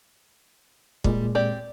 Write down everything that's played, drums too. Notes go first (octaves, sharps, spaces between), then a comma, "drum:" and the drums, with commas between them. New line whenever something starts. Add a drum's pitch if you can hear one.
A#2 G3 G#3, drum: kick
C4 G4 D5